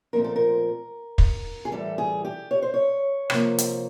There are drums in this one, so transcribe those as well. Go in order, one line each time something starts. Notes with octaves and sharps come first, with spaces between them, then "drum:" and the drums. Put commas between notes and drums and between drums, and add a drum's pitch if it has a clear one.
A#2 F3 A3 C4 A#4
A4
A#4
drum: kick
G#4
A2 E3 G3 A4
G#4
G4
C#5
C5
C#5
C3 F3 A#3, drum: rim click
drum: hi-hat